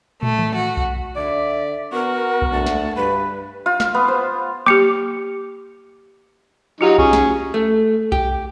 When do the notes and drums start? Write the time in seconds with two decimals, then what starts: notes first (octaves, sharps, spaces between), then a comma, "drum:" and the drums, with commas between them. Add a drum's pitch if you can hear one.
0.23 A3, drum: tom
0.38 drum: tom
0.55 F#4
0.77 drum: kick B1
1.16 D3 D5 E5
1.92 B3 F#4 A#4
2.42 drum: kick B1
2.51 D2 A5
2.66 drum: snare
2.95 G2 B4
3.66 F4
3.80 F5, drum: snare
3.95 B3
4.08 C5
4.66 A#3 G4 D6 C#7
6.81 F#3 D#4 F4 G4 F5
6.98 C#4 G#4, drum: kick B1
7.13 drum: snare
7.54 A3
8.12 G4, drum: kick B1